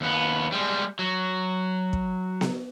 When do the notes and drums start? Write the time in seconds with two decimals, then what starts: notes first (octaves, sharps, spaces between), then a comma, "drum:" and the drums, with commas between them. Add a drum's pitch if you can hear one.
0.01 D#2 B3
0.52 G3 G#3
0.99 F#3
1.93 drum: kick
2.41 drum: snare B3